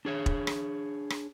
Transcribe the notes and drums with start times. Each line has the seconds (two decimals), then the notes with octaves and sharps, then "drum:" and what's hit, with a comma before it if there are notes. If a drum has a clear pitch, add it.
0.05 D4 G#4 C#5
0.26 drum: kick E1
0.47 drum: rim click
1.10 drum: rim click